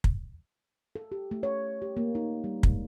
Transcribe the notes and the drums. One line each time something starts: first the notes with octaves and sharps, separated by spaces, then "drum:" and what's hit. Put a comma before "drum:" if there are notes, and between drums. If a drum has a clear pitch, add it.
drum: kick
A4
G4
A3
C#5
G4
A#3
D#4
G3
G#3, drum: kick